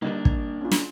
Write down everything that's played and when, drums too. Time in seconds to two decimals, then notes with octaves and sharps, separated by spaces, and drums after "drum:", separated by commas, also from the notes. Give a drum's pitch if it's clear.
0.02 D3 G3 A#3 D4 D#4 A#4
0.25 drum: kick
0.61 C#4 F4
0.71 drum: snare